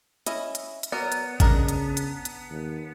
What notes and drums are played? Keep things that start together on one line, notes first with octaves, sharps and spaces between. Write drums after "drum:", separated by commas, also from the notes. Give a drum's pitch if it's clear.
C#4 E4 D#5, drum: hi-hat
drum: hi-hat
drum: hi-hat
F#3 B3 A#4 D5
drum: hi-hat
C#3 D4 A#4 D#5, drum: kick, hi-hat
drum: hi-hat
drum: hi-hat
drum: hi-hat
D#2